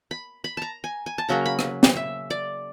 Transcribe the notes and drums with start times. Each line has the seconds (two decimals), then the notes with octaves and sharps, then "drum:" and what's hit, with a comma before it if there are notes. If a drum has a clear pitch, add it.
0.11 B5
0.44 B5
0.57 A5 A#5
0.84 G#5
1.06 G#5
1.18 A5
1.29 C#3 F#3 A#3 A#5
1.46 B5
1.59 drum: rim click
1.83 drum: snare
1.96 E5
2.30 D5